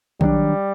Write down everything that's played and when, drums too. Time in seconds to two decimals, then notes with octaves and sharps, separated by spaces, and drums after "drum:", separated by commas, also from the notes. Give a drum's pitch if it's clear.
0.21 D#3 F#3 G3 A3 D4, drum: kick A#1